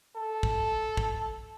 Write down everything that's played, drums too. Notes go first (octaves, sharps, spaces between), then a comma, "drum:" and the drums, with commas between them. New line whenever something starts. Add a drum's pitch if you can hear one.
A4
drum: kick
drum: kick